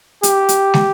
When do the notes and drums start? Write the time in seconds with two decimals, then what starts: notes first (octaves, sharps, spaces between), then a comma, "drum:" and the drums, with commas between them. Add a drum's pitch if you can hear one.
0.23 G4, drum: hi-hat
0.49 drum: hi-hat
0.74 drum: snare